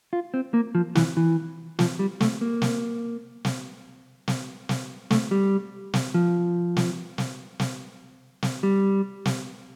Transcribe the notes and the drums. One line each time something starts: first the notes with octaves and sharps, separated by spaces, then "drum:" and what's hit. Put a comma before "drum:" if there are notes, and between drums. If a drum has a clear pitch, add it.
F4
C4
A#3
F3
E3, drum: snare
E3
F3, drum: snare
G3
A3, drum: snare
A#3
drum: snare
drum: snare
drum: snare
drum: snare
A3, drum: snare
G3
drum: snare
F3
drum: snare
drum: snare
drum: snare
drum: snare
G3
drum: snare